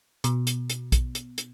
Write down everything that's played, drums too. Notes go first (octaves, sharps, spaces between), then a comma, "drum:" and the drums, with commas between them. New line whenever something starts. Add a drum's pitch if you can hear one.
B2, drum: hi-hat
drum: hi-hat
drum: hi-hat
drum: kick A#1, hi-hat
drum: hi-hat
drum: hi-hat